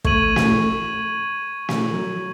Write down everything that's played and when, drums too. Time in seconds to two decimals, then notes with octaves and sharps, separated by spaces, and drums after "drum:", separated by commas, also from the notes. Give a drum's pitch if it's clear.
0.04 A3 C#6 G#6 D#7 F#7, drum: kick
0.36 A3, drum: snare
1.69 drum: snare
1.93 F#3